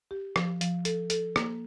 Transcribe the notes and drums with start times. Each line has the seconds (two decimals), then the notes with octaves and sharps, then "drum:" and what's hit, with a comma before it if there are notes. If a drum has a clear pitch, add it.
0.11 G4
0.36 F3, drum: rim click
0.61 F3, drum: hi-hat
0.85 A4, drum: hi-hat
1.10 A4, drum: hi-hat
1.36 A#3, drum: rim click